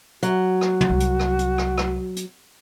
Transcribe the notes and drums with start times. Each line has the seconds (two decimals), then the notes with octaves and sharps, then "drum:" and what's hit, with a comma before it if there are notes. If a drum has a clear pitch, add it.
0.23 F#3 F#4, drum: hi-hat
0.61 drum: rim click
0.81 drum: tom
0.90 C2
1.00 drum: hi-hat
1.19 drum: rim click
1.39 drum: hi-hat
1.58 drum: rim click
1.78 drum: rim click
2.16 drum: hi-hat